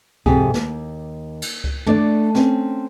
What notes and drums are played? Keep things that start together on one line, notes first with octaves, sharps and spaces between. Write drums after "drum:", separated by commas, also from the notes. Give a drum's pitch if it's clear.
F2 G#2 C3 G4 G#4, drum: kick C#2
D#2, drum: snare
drum: cymbal
drum: kick C#2
A3 D4 D5, drum: tom
C4 C#4, drum: snare